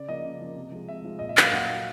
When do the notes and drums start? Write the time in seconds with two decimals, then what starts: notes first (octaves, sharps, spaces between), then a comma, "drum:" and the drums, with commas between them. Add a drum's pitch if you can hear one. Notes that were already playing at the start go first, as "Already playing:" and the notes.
Already playing: C#3 D5
0.09 F3 A#3 D#5
0.25 C#3
0.41 F3 A#3
0.56 C3
0.72 F3 G#3
0.88 C3 E5
1.04 F3 G#3
1.19 A#2 D#5
1.29 E5
1.37 F#3 A#3 F5, drum: clap
1.52 A#2 F#5
1.70 F#3 A#3